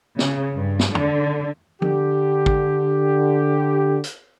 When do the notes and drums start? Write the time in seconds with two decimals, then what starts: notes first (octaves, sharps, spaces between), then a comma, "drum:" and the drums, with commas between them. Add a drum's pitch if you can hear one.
0.19 C#3, drum: snare
0.54 G2
0.79 drum: snare
0.95 D3, drum: tom
1.82 D3 G4, drum: tom F3
2.46 drum: kick
4.04 drum: hi-hat